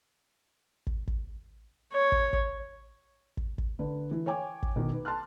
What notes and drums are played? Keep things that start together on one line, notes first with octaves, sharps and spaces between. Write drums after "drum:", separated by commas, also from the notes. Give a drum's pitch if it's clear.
drum: kick
drum: kick
C#5
drum: kick
drum: kick
drum: kick
drum: kick
D3 B4
E3
C#5 G5 G#5 D6
drum: kick
B2 D#3
B4
A5 C6 F6 F#6